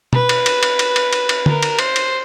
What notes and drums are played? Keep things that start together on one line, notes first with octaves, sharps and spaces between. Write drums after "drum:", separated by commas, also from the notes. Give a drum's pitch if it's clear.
B4, drum: tom
drum: cymbal
drum: cymbal
drum: cymbal
drum: cymbal
drum: cymbal
drum: cymbal
drum: cymbal
A#4, drum: tom
drum: cymbal
C5, drum: cymbal
drum: cymbal